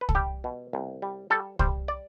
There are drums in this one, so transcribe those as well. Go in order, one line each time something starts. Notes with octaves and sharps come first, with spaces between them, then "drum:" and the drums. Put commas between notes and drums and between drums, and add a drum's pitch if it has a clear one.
B4
A4, drum: kick C2
G3 G4
B2
C2
G3
G3 A4
G3 C5, drum: kick C2
D5